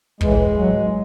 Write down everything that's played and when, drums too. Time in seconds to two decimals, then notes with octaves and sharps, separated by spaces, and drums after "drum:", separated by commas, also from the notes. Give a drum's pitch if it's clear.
0.21 A2 E3 G#3, drum: kick
0.57 A2 F#3